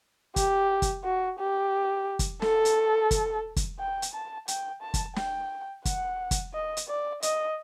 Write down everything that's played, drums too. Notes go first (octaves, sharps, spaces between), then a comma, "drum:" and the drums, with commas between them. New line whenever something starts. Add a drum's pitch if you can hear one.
G4, drum: kick, hi-hat
drum: kick, hi-hat
F#4
G4
drum: kick, hi-hat
A4, drum: snare
drum: hi-hat
drum: kick, hi-hat
drum: kick, hi-hat
G5
drum: hi-hat
A5
G5, drum: hi-hat
A5
drum: kick, hi-hat
G5, drum: snare
F#5, drum: kick, hi-hat
drum: kick, hi-hat
D#5
drum: hi-hat
D5
D#5, drum: hi-hat